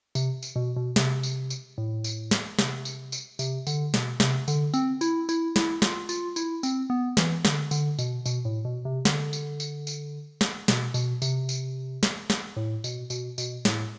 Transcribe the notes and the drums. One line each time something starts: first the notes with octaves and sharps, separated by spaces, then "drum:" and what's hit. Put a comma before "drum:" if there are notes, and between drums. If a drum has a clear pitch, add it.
C3, drum: tambourine
drum: tambourine
B2
B2
C3, drum: snare
drum: tambourine
drum: tambourine
A2
drum: tambourine
drum: snare
C3, drum: snare
drum: tambourine
drum: tambourine
C3, drum: tambourine
D3, drum: tambourine
B2, drum: snare
C3, drum: snare
D3, drum: tambourine
C4, drum: tambourine
E4, drum: tambourine
E4, drum: tambourine
E4, drum: snare
F4, drum: snare
F4, drum: tambourine
E4, drum: tambourine
C4, drum: tambourine
B3
E3, drum: snare
D3, drum: snare
D3, drum: tambourine
B2, drum: tambourine
B2, drum: tambourine
A2
B2
C3
D3, drum: snare
drum: tambourine
drum: tambourine
drum: tambourine
drum: snare
B2, drum: snare
B2, drum: tambourine
C3, drum: tambourine
drum: tambourine
drum: snare
drum: snare
A2
B2, drum: tambourine
B2, drum: tambourine
B2, drum: tambourine
A2, drum: snare